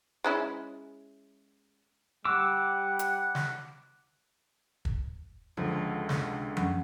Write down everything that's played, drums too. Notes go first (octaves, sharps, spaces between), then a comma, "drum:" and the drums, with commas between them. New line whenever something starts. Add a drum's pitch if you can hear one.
G#3 C#4 E4
G3 F#5 D6 E6
drum: hi-hat
drum: snare
drum: kick
C#2 D3 F3
C3, drum: snare
F#2, drum: tom F3